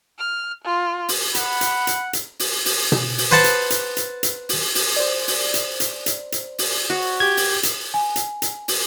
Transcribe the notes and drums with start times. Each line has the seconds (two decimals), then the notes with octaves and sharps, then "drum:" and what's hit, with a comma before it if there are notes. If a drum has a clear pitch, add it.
0.19 F6
0.64 F4
1.08 drum: open hi-hat
1.35 F#5 B5, drum: hi-hat
1.61 drum: hi-hat
1.87 drum: hi-hat
2.13 drum: hi-hat
2.39 drum: open hi-hat
2.66 drum: open hi-hat
2.92 drum: tom B2
3.18 drum: open hi-hat
3.31 B4 C5 F#5 A5
3.44 drum: hi-hat
3.70 drum: hi-hat
3.97 drum: hi-hat
4.23 drum: hi-hat
4.49 drum: open hi-hat
4.75 drum: open hi-hat
4.96 C5 D5
5.28 drum: open hi-hat
5.54 drum: hi-hat
5.80 drum: hi-hat
6.06 drum: hi-hat
6.32 drum: hi-hat
6.58 drum: open hi-hat
6.90 F#4
7.20 G4 G#6
7.37 drum: open hi-hat
7.63 drum: hi-hat
7.94 G#5
8.16 drum: hi-hat
8.42 drum: hi-hat
8.68 drum: open hi-hat